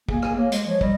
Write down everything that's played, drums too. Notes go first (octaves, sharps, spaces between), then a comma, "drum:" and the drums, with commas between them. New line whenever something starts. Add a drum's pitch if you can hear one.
A#3 G#4, drum: kick
G#4, drum: rim click
A#3 C#5
G#3 D#5, drum: hi-hat
F3 C#5
G3 D#5, drum: kick